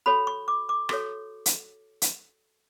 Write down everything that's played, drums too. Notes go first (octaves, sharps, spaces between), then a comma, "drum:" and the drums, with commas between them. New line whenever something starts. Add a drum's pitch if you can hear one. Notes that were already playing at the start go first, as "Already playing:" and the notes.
F#4 A4 C#5 B5
C#6
D6
D6
F#4 A4 C#5 C#6, drum: rim click
drum: hi-hat
drum: hi-hat